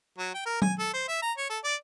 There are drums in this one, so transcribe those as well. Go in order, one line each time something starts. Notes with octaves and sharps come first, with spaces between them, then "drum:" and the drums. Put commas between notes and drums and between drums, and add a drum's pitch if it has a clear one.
F#3
G5
A#4
G#5, drum: tom F#3
A4
C5
E5
A#5
C#5
A4
D5